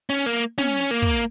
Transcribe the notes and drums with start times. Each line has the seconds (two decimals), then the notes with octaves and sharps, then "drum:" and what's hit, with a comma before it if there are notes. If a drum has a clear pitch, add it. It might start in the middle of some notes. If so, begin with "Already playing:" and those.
0.10 C#4
0.26 A#3
0.58 C#4, drum: snare
0.91 A#3
1.02 drum: kick, hi-hat